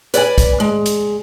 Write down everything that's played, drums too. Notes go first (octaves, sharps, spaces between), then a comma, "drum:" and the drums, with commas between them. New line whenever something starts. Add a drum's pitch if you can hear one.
B4 D5 D#5 G#5, drum: hi-hat
drum: kick, hi-hat
G#3
drum: hi-hat